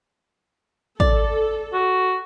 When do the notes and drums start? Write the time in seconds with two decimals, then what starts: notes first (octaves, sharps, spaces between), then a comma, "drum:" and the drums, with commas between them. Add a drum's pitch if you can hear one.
1.00 A4 D5, drum: kick
1.73 F#4